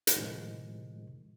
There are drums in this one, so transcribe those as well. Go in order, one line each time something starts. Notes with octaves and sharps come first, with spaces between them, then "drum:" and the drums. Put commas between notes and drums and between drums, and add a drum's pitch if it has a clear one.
drum: hi-hat
A2 C3 D#3 F3 G#3